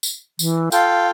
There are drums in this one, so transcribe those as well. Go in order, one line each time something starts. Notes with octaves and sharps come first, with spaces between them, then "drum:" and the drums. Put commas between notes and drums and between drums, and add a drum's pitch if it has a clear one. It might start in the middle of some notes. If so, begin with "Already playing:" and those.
drum: tambourine
E3, drum: tambourine
F4 A4 F5 G5, drum: tambourine